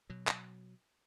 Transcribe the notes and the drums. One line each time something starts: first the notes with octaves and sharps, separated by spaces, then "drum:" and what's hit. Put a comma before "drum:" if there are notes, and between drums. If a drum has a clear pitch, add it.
B2 F#3
drum: clap